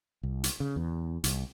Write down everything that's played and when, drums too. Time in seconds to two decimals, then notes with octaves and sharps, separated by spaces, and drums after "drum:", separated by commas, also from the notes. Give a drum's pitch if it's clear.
0.23 C2
0.44 drum: hi-hat
0.60 C#3
0.76 E2
1.24 C2, drum: hi-hat